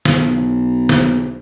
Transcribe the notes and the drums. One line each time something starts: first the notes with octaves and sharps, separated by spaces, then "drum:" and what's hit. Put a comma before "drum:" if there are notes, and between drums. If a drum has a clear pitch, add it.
B1, drum: snare
drum: snare